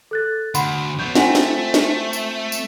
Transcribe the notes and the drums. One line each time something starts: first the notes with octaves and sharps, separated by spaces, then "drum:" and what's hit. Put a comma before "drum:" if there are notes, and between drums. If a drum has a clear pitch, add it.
A4 F#6 A6
D2 F#5 B5 C6, drum: tambourine
F#3 B3 G6
A3 C4 F4 F#5 G#5, drum: snare
drum: snare
drum: snare
drum: tambourine
drum: tambourine